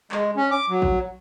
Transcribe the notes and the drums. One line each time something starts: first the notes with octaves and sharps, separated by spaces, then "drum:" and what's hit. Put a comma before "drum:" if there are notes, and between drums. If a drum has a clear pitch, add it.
G#3, drum: clap
C#4
D6
F#3
drum: kick A1